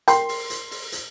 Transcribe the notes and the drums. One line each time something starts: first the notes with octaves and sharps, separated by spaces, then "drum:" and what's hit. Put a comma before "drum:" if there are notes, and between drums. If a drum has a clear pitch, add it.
A#4 G5 C6, drum: hi-hat
drum: open hi-hat
drum: hi-hat
drum: open hi-hat
drum: hi-hat